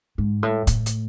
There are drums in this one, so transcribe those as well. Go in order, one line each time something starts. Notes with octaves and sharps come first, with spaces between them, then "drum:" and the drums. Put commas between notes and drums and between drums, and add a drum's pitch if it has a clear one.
G#2
A2
A2, drum: kick, hi-hat
drum: hi-hat